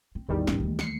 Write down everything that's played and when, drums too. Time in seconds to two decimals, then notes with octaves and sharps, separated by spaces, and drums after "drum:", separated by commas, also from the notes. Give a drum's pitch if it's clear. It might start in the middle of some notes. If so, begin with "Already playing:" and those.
0.15 C4
0.29 A1 E2 D#3 G3
0.47 A2 C#4, drum: snare
0.60 D2 A#3
0.79 C7 C#7, drum: snare